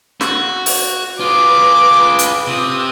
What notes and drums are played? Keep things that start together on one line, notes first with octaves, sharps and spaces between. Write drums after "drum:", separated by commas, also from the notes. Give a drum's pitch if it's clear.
F#4, drum: snare
drum: open hi-hat
F4 G#4 B4 D6
drum: hi-hat
C3 D#6